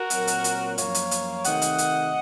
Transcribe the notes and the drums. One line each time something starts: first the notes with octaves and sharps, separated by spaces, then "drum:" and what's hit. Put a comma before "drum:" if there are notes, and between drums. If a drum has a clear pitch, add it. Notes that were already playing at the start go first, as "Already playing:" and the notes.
Already playing: F#4 A#4
A#2 F#3 C4, drum: hi-hat
drum: hi-hat
drum: hi-hat
F#2 F3 A#3 C#5 F5, drum: hi-hat
drum: hi-hat
drum: hi-hat
C3 D#3 A3 D#5 F#5, drum: hi-hat
drum: hi-hat
drum: hi-hat